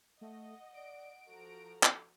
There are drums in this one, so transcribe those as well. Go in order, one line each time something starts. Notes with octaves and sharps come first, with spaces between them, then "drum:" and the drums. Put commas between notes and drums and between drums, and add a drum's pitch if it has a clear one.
A3 D#5 F#5
D5 D7
F3 F#4 A4 A#5
drum: clap